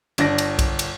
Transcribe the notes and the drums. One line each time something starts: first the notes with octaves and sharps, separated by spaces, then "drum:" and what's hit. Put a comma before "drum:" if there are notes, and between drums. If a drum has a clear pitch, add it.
G1 D4 D5 A#6, drum: cymbal
drum: cymbal
drum: kick B1, cymbal
drum: cymbal